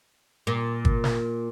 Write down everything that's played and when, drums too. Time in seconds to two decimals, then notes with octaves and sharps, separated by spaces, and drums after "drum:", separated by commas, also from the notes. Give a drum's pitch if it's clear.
0.47 A#2
0.85 drum: kick
1.04 drum: snare